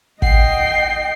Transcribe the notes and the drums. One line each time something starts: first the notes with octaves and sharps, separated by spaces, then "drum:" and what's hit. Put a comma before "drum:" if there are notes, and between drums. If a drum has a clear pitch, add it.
D#5 F#5 G5 C7, drum: kick